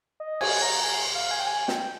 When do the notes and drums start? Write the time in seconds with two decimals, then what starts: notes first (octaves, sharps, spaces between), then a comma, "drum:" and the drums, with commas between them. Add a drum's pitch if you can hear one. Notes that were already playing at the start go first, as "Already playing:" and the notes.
0.20 D#5
0.41 G#5, drum: cymbal
0.62 A#5
0.84 G#5
1.15 F5
1.31 G#5
1.39 G5
1.46 G#5
1.68 G5, drum: snare